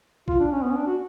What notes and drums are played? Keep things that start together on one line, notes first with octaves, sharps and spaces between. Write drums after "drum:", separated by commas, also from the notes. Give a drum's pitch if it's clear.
F4, drum: kick
D4
C#4
B3
C#4
D4
F#4